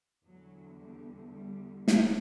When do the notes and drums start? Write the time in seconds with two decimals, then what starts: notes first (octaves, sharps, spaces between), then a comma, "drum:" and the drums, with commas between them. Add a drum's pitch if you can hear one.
0.24 E2 D3 F#3
0.78 G3
1.33 G3
1.88 C#4, drum: snare